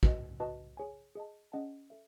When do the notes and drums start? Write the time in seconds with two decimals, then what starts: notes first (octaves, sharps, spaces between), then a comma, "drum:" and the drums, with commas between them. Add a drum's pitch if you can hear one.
0.03 F#4 B4 D#5, drum: kick
0.40 F#4 B4 D#5 A5
0.77 G#4 C#5 G#5
1.15 G#4 D#5 A5
1.52 C#4 G#4 D#5 F#5 A5
1.90 A4 E5